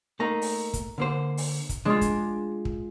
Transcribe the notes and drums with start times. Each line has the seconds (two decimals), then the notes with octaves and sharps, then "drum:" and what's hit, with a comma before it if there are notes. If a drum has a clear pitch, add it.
0.20 A3 A#3 D#4 A#5
0.42 drum: open hi-hat
0.74 drum: kick, hi-hat
0.98 D3 A#3 C5
1.37 drum: open hi-hat
1.69 drum: kick, hi-hat
1.85 G#3 D4 F4
2.01 drum: kick, hi-hat
2.65 drum: kick